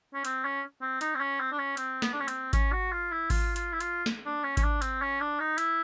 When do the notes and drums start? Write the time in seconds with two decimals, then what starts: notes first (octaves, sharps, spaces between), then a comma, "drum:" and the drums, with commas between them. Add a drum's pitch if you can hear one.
0.14 C#4
0.25 C4, drum: hi-hat
0.44 C#4
0.82 C4
1.01 D#4, drum: hi-hat
1.15 C4
1.20 C#4
1.40 C4
1.52 D4
1.58 C#4
1.77 C4, drum: hi-hat
2.02 B3, drum: snare
2.13 D4
2.20 C#4
2.28 C4, drum: hi-hat
2.53 C#4, drum: kick G#1, hi-hat
2.72 F#4
2.92 F4
3.11 E4
3.30 F4, drum: kick G#1, open hi-hat
3.56 F4, drum: hi-hat
3.73 E4
3.80 F4, drum: hi-hat
4.06 drum: snare
4.26 D4
4.44 C#4
4.57 C#4, drum: kick G#1, hi-hat
4.63 D4
4.82 C4, drum: hi-hat
5.02 C#4
5.21 D4
5.40 D#4
5.58 E4, drum: hi-hat